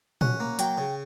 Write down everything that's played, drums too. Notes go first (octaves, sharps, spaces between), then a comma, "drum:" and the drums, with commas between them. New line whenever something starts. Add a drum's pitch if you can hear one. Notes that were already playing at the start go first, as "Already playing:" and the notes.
C#4 F#5, drum: tom A#2
A#3
F#3 G5, drum: hi-hat
C#3